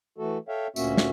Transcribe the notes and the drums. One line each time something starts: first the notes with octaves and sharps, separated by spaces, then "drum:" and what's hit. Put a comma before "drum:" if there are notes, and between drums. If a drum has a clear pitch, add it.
E3 A3 F#4 A4
A4 C#5 E5 F5 G5
D2 A#2 A#3 C#4 F#4 E5, drum: tambourine
drum: snare